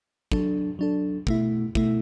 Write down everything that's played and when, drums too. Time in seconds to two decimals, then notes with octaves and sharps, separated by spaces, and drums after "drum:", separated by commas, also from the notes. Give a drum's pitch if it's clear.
0.32 F#3 D4 A4, drum: kick
0.79 F#3 D4 A4
1.27 B2 A3 E4, drum: kick
1.75 B2 A3 E4, drum: kick